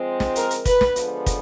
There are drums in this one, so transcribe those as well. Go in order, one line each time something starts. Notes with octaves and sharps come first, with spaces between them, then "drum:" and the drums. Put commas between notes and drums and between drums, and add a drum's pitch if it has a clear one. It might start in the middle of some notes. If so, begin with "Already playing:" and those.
Already playing: F3 G#3 C4
drum: snare
A#4, drum: hi-hat
drum: hi-hat
B4, drum: kick, hi-hat
drum: snare
D3 F3 G#3 B3, drum: hi-hat
drum: kick, hi-hat